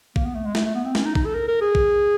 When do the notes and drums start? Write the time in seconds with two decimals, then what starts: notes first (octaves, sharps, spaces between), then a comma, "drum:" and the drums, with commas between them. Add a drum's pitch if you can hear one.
0.16 A#3, drum: kick
0.26 B3
0.35 A3
0.46 G#3
0.55 A3, drum: snare
0.65 A3
0.75 B3
0.85 C4
0.95 C#4, drum: snare
1.05 D#4
1.15 D#4, drum: kick
1.25 A4
1.35 A#4
1.48 A#4
1.61 G#4
1.75 drum: kick